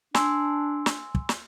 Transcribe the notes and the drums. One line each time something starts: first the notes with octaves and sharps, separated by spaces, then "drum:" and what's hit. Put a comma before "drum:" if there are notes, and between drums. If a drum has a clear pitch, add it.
D4 G#5 C6 E6, drum: snare
drum: snare
drum: kick
drum: snare